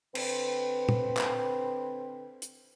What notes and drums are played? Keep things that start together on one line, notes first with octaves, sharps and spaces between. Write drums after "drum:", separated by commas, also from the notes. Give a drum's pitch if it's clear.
D3 C4 B4, drum: cymbal
drum: tom
drum: clap
drum: hi-hat